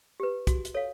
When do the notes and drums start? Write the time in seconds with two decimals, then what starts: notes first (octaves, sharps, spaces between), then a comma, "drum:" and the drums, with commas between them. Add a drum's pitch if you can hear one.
0.20 G4 B4
0.47 F#4, drum: kick, hi-hat
0.65 drum: hi-hat
0.74 A4 C#5 F5